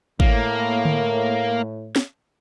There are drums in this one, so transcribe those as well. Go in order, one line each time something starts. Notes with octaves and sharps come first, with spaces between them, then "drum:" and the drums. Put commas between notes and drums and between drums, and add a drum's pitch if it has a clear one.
A2 A#3, drum: kick G#1
drum: tom D3
drum: snare